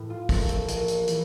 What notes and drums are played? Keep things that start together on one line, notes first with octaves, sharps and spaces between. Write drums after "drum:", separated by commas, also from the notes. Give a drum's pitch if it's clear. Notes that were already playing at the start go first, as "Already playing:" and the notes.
Already playing: A2 E3
F4
A#1 A4, drum: kick, open hi-hat
A4, drum: hi-hat
A#1 A#4, drum: hi-hat
drum: hi-hat
E3, drum: hi-hat